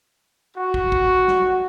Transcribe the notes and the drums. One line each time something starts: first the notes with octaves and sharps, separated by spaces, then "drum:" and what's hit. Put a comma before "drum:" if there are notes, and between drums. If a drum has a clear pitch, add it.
F#4
drum: kick
drum: kick
drum: snare